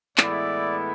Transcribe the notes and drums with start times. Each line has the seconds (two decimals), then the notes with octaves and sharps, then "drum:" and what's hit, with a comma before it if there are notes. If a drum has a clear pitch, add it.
0.18 A2 E3 G#3 B3 E4 D5, drum: clap